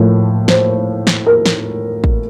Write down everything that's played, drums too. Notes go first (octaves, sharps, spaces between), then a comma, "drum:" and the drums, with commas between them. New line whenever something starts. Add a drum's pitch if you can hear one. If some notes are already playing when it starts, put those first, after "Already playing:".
Already playing: A2 F3 A#3
C5, drum: snare
drum: snare
A#4
drum: snare
drum: kick